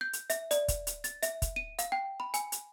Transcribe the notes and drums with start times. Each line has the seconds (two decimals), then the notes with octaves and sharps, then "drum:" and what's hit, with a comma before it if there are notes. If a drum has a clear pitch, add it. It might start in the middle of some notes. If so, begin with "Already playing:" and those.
0.01 G6
0.13 drum: hi-hat
0.30 E5, drum: hi-hat
0.51 D5, drum: hi-hat
0.68 drum: kick, hi-hat
0.87 drum: hi-hat
1.04 A6, drum: hi-hat
1.23 E5, drum: hi-hat
1.42 drum: kick, hi-hat
1.56 D#7
1.79 F5, drum: hi-hat
1.92 G5
2.20 B5
2.34 G#5, drum: hi-hat
2.52 drum: hi-hat